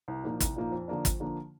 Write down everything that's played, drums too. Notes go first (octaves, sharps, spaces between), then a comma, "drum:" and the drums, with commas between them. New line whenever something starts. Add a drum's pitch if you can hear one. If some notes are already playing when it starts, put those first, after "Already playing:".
C2
A#2 F3 A#3 D#4
C2, drum: kick, hi-hat
A#2 F3 A#3 D#4
F2
D3 F3 A#3 D4
F2, drum: kick, hi-hat
D3 F3 A#3 D4